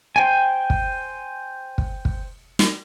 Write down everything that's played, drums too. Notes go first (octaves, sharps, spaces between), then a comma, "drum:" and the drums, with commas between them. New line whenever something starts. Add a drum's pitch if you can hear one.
C5 G5 G#5
drum: kick
drum: kick
drum: kick
drum: snare